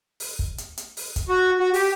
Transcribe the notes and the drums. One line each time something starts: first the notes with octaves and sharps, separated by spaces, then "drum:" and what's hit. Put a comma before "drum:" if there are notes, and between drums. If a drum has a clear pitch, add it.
drum: open hi-hat
drum: kick
drum: hi-hat
drum: hi-hat
drum: open hi-hat
drum: kick, hi-hat
F#4
F#4
G4, drum: open hi-hat